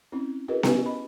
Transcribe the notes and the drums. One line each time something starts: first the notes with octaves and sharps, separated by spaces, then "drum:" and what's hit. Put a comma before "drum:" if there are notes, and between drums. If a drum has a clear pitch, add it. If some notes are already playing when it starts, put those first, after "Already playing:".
C4 C#4 E4
E4 F#4 G#4 A#4 B4 D#5
C#4 E4 G4 B4 G#5, drum: snare B3
D#5 B5